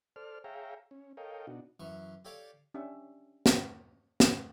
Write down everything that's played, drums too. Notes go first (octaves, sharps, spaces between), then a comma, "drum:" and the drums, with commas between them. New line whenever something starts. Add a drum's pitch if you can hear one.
A4 C5 D5 F6
G#4 C#5 E5 F5 G5 A#5
C#4
A4 A#4 C#5 D#5 F5 G5
B2 D4 D#4 F#4
F#2 E3 C#6
G4 A4 C#5 D5 F5
C#4 D4 G4 E5
drum: snare
drum: snare